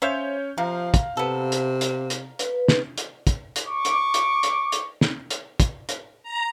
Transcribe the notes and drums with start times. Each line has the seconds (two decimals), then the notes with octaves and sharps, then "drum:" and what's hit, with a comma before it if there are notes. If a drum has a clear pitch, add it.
0.02 C#4 C5 C#5 E5 F5 G6
0.58 C3 F3 F5 A#5
0.94 drum: kick, hi-hat
1.17 C3 B3 A4
1.52 drum: hi-hat
1.81 drum: hi-hat
2.10 drum: hi-hat
2.39 B4, drum: hi-hat
2.68 drum: snare
2.98 drum: hi-hat
3.27 drum: kick, hi-hat
3.56 drum: hi-hat
3.66 C#6 D6
3.85 drum: hi-hat
4.14 drum: hi-hat
4.43 drum: hi-hat
4.72 drum: hi-hat
5.01 drum: snare
5.30 drum: hi-hat
5.60 drum: kick, hi-hat
5.89 drum: hi-hat
6.23 A#5